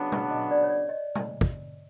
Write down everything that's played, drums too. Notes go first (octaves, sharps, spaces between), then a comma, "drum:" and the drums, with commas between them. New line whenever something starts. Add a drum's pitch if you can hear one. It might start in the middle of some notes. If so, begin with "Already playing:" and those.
Already playing: C#3 F#3 B3 D4
B4, drum: tom
D#5
D5
C#5
D5
D#5
drum: tom
drum: kick